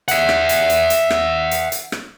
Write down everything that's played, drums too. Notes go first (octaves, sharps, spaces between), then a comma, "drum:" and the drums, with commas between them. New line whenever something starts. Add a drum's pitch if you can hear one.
E5 F#5, drum: hi-hat
drum: rim click
drum: hi-hat
drum: hi-hat
drum: hi-hat
drum: rim click
drum: hi-hat
drum: hi-hat
drum: rim click